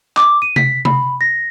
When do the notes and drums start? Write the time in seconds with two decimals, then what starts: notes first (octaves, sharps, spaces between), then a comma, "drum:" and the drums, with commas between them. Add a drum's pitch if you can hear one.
0.17 D6, drum: clap
0.42 D#7
0.56 B6, drum: tom C3
0.85 B5, drum: tom C3
1.21 A#6